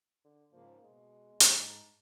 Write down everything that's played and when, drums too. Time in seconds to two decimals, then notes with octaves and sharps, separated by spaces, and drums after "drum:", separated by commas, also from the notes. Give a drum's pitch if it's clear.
0.24 D3
0.52 G#2 C#3 F3 A#3
0.83 B2 G#3
1.40 G#2 D#4 A5, drum: hi-hat